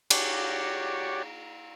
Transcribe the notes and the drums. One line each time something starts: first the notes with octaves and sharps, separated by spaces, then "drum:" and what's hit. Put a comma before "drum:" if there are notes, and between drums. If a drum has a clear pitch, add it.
F#4 G4 C#5 D5, drum: cymbal